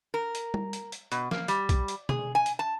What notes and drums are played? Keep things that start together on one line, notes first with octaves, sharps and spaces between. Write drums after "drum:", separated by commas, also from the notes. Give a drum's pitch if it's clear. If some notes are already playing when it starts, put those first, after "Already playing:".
A#4
drum: hi-hat
drum: tom G3
drum: hi-hat
drum: hi-hat
B2, drum: hi-hat
A#3, drum: snare F3
G3, drum: hi-hat
drum: kick B1, hi-hat
drum: hi-hat
G#4, drum: tom
G#5
drum: hi-hat
A5